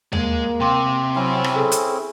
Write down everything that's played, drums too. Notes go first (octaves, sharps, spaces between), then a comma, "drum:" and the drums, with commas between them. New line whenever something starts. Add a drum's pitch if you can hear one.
G#3 A#3, drum: tom D#2
C3 G5 C6 D6
F#3 C4 C#4 E4
drum: rim click
G#4 A4
drum: hi-hat